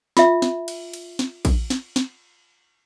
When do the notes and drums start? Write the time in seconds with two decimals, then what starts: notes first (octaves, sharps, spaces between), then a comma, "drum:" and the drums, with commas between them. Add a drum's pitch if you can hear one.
0.17 F4 E5, drum: snare
0.42 drum: snare
0.68 drum: cymbal
0.93 drum: cymbal
1.19 drum: snare
1.45 drum: kick A#1, cymbal
1.70 drum: snare
1.96 drum: snare